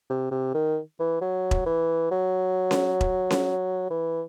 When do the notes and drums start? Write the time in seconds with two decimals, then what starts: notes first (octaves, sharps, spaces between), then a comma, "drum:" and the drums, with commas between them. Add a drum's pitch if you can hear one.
0.10 C3
0.31 C3
0.54 D#3
0.99 E3
1.21 F#3
1.51 drum: kick E1
1.66 E3
2.11 F#3
2.71 drum: snare C#4
3.01 drum: kick E1
3.30 drum: snare C#4
3.90 E3